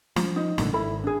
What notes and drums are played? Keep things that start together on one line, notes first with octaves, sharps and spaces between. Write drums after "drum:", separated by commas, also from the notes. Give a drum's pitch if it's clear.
F3, drum: snare
D#4
G#1 A#2 D3, drum: snare
G#1 E4 A4 B5
D4 G#4